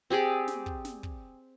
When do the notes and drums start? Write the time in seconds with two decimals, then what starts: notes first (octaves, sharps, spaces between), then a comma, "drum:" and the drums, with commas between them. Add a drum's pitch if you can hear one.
0.10 C4 G4 G#4 D5
0.48 drum: snare
0.66 drum: kick
0.85 drum: snare
1.03 drum: kick